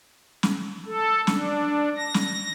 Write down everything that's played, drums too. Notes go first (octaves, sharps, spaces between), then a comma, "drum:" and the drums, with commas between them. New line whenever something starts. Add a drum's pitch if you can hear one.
drum: snare
A4
D4, drum: snare
A#6
drum: snare